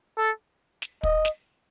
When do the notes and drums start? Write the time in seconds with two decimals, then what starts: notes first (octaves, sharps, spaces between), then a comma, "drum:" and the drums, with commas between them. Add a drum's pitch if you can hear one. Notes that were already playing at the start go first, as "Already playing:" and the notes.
0.17 A4
0.82 drum: snare
1.03 D#5, drum: kick
1.25 drum: snare